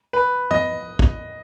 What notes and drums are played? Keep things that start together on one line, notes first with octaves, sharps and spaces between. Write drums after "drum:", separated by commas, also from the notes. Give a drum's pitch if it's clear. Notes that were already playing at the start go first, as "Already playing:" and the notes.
B4
D#5, drum: tom
drum: kick